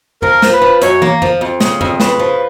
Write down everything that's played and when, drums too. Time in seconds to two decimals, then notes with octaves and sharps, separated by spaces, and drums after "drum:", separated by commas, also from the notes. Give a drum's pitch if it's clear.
0.22 F3 A#4, drum: tom F2
0.42 F3, drum: snare
0.53 B4
0.61 F3
0.82 F#2 C#5, drum: hi-hat
1.02 A#3, drum: tom
1.22 F3, drum: tom F2
1.41 F2
1.60 C#3, drum: snare
1.81 F2, drum: tom F2
2.00 C#3 B4, drum: snare
2.19 F3